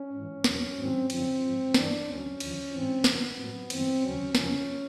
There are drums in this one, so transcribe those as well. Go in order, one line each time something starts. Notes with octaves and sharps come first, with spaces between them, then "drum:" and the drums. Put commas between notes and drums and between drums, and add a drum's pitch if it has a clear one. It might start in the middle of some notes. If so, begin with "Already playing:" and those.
Already playing: C#4
G#2 E3
E2 B2 F#3, drum: snare
G#2 D#3 F#3 C4
F#2 D3 F3 C4, drum: cymbal
G#2 F3
G2 E3 D4, drum: snare
D2 D3 F#3 C#4
D#2 D3 F3, drum: cymbal
G#2 E3 C4
F#2 D3 F3 B3, drum: snare
A2 F#3
G2 E3 C4, drum: cymbal
D#2 C#3 F#3 C#4
F2 C#3 F3 C#4, drum: snare